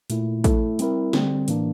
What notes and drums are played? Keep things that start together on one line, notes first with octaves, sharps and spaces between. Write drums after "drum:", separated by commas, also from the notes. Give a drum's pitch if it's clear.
A#2 A3 E4, drum: hi-hat
A3 E4 A4, drum: kick, hi-hat
G3 C4 E4 A#4, drum: hi-hat
D3 G3 C4, drum: snare
A2 E3 A#3 D4, drum: hi-hat